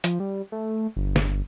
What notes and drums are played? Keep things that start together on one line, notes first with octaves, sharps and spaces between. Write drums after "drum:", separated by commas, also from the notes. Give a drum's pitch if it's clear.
F3, drum: hi-hat
G3
A3
G1
drum: snare